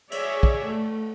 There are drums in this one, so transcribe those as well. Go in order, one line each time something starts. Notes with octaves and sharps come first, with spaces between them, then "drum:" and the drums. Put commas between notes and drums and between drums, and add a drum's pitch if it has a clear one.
G#4 C#5 D5 E5, drum: cymbal
drum: kick
A3